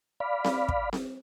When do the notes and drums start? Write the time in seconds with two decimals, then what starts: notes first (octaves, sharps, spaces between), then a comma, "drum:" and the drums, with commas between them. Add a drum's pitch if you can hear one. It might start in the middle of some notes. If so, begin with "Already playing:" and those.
0.20 D5 F5 B5
0.44 drum: snare C4
0.69 drum: kick
0.93 drum: snare C4